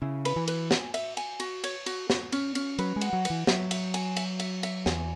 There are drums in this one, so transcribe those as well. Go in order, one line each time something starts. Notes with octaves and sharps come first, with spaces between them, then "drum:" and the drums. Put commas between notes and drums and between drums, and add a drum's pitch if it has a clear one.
C#3 E4
B4, drum: cymbal
E3
B4, drum: cymbal
G#5, drum: snare
E5, drum: cymbal
G#5, drum: cymbal
F#4, drum: cymbal
C#5, drum: cymbal
F#4, drum: cymbal
F#4, drum: snare
C#4, drum: cymbal
C#4, drum: cymbal
F#3 B4, drum: cymbal
G#3
F#5, drum: cymbal
F#3
B4, drum: cymbal
E3
F#3 E5, drum: snare
E5, drum: cymbal
G#5, drum: cymbal
E5, drum: cymbal
E5, drum: cymbal
E5, drum: cymbal
E2 G#5, drum: snare